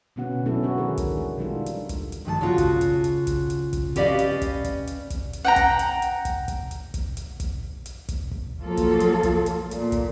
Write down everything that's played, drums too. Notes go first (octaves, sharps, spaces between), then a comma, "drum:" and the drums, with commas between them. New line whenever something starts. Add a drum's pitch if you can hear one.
B2 D3 B3 C#4 F#4 F#5
F#3 G#3 B3 C#4 E4 A4
D3 F#4 C#5
D#3 G#4 A#4
drum: kick, hi-hat
G#3
D3 E3 G3 D#4 F4 A4
drum: hi-hat
drum: kick, hi-hat
drum: hi-hat
G2 D#3 G#4 A5
C#3 F4 F#4
drum: kick, hi-hat
drum: kick, hi-hat
drum: hi-hat
drum: kick, hi-hat
drum: hi-hat
drum: kick, hi-hat
C#4 G4 B4 D5 D#5 F5, drum: hi-hat
drum: hi-hat
drum: kick, hi-hat
drum: kick, hi-hat
drum: hi-hat
drum: kick, hi-hat
drum: hi-hat
F#5 G5 A#5
drum: kick, hi-hat
drum: hi-hat
drum: hi-hat
drum: kick, hi-hat
drum: kick, hi-hat
drum: hi-hat
drum: kick, hi-hat
drum: hi-hat
drum: kick, hi-hat
drum: hi-hat
drum: kick, hi-hat
drum: kick
F3 F#3 A#3 F4 A4
drum: kick, hi-hat
drum: hi-hat
drum: kick, hi-hat
drum: hi-hat
A#2, drum: hi-hat
drum: kick, hi-hat